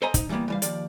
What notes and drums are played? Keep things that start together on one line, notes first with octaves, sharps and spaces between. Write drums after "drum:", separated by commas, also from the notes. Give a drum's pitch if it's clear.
A4 C5 D#5 G#5 A#5
D#4, drum: kick, hi-hat
E3 G3 G#3 A#3 B3
E3 G3 F5
D#2 F3 D5, drum: hi-hat